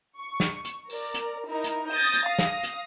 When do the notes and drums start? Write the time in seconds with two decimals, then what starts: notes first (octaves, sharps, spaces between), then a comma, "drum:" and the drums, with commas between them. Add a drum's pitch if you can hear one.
0.18 C#6
0.40 drum: snare
0.65 drum: hi-hat
0.90 A#4 D5, drum: open hi-hat
1.14 drum: hi-hat
1.46 D#4 E4 A#4
1.64 drum: hi-hat
1.90 D#6 G6 A6 A#6, drum: open hi-hat
2.14 drum: hi-hat
2.26 F5 D#6 A#6
2.39 drum: snare
2.63 drum: hi-hat